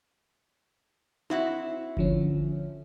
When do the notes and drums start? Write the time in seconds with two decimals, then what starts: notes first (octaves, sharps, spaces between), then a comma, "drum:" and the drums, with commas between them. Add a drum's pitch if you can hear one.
1.30 C4 E4 F#4, drum: tom D#4
1.97 D3 F3 C#4, drum: kick G1